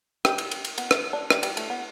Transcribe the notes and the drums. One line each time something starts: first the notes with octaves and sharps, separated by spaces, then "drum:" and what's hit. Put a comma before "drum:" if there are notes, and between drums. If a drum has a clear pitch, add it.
G4, drum: rim click
drum: cymbal
drum: cymbal
drum: cymbal
B3, drum: cymbal
drum: rim click
D4
G3, drum: rim click
G3, drum: cymbal
A3, drum: cymbal
B3